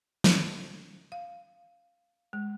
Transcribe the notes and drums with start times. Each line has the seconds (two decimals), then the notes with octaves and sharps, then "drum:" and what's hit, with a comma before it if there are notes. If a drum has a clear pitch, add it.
0.24 C#4, drum: snare
1.12 F5
2.33 G#3